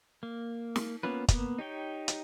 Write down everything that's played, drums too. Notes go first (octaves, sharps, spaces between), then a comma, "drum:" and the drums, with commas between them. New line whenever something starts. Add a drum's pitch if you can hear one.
A#3
drum: snare
A#3 B3 C#4 F4 B4
A#3 B3, drum: kick, hi-hat
D#4 G4 C#5 G5
drum: hi-hat